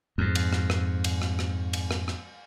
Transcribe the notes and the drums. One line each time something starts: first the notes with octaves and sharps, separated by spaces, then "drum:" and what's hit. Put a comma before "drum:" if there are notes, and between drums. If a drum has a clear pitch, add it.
F2 G#2
drum: cymbal
drum: rim click
drum: rim click
drum: cymbal
drum: rim click
drum: rim click
drum: cymbal
drum: rim click
drum: rim click